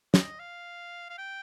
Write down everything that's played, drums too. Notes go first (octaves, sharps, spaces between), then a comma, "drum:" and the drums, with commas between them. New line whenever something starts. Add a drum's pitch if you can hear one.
D#5, drum: snare
F5
F5
G5